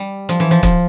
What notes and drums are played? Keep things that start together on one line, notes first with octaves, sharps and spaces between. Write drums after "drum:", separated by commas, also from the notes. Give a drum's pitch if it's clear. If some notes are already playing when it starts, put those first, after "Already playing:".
Already playing: G3
F3, drum: hi-hat
E3
F3
F3, drum: kick, hi-hat